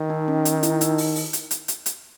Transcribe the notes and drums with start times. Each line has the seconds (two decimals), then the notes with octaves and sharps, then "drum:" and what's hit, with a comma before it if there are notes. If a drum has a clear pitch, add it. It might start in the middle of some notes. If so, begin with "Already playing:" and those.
Already playing: D#3
0.10 D#4
0.28 C#4
0.45 D#4, drum: hi-hat
0.63 E4, drum: hi-hat
0.81 D#4, drum: hi-hat
0.98 drum: open hi-hat
1.16 drum: open hi-hat
1.33 drum: hi-hat
1.51 drum: hi-hat
1.68 drum: hi-hat
1.86 drum: hi-hat